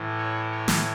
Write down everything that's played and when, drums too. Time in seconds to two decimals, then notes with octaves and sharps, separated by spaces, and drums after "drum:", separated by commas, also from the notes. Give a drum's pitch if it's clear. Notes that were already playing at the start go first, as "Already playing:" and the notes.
Already playing: A2 E3
0.17 C#5
0.51 C#5
0.68 drum: snare